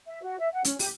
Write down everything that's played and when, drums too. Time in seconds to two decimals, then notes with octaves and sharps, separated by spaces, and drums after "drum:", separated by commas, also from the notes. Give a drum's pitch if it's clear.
0.07 E5
0.22 F#4
0.39 E5
0.53 F#5
0.65 C#4, drum: hi-hat
0.79 G4, drum: open hi-hat